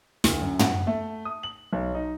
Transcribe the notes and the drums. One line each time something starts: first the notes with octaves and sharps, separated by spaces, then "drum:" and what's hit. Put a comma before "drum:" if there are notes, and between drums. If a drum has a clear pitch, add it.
D2, drum: snare
F#2
F#5, drum: tom
A3
D#6
F#7
B1
D#4